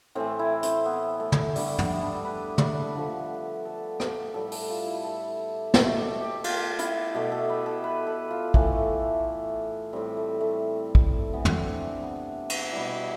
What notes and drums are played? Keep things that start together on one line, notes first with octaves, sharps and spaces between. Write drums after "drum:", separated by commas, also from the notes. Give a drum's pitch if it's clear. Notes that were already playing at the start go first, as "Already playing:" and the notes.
A2 E3 A3 C4
E4
C4, drum: hi-hat
B3
A3
drum: tom
D3 G3 A3, drum: open hi-hat
B3, drum: tom
D4
B4
drum: tom
D3 F3 A3
A4
G4, drum: rim click
A2 G3 A4
A4, drum: open hi-hat
F4
E4
A4
B2 A3 A4, drum: snare
G4
G4
F4, drum: cymbal
E4, drum: hi-hat
B2 A3 G4
A4
B4
A4
B4
A4
F4
A2 E3 A3, drum: kick
A2 G3 C4
A3
A3
drum: kick
C3 E3 A3 B3
D4, drum: tom
C4
D4
B3
drum: cymbal
B2 G3 E4